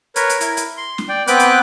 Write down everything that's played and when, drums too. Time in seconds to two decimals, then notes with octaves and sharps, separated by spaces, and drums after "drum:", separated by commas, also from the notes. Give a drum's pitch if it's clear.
0.16 A#4 B4 C#5, drum: hi-hat
0.29 drum: hi-hat
0.41 E4 A#4, drum: hi-hat
0.57 drum: hi-hat
0.77 C6
0.98 drum: snare
1.09 D5 G5
1.27 B3 C4 B4 G5 D6 F#6, drum: hi-hat
1.39 drum: hi-hat